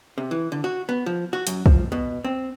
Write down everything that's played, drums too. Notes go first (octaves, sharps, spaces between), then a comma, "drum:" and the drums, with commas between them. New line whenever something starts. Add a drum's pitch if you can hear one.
C3
E3
D3
F#4
B3
F3
F#4
F#2, drum: hi-hat
F3, drum: kick
B2
C4